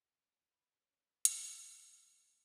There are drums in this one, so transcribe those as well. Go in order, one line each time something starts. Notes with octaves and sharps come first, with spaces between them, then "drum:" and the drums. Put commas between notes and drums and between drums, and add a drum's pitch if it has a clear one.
C#4
B4
C#4
B4
G2, drum: hi-hat
B2
A2
A#2
D#2